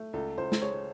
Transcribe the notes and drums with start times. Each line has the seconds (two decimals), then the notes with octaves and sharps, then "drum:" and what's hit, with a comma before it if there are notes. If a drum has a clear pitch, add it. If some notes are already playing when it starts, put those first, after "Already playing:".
Already playing: A3
0.13 C#2 A4
0.37 C#2 C5
0.52 drum: snare
0.61 G#3 C#5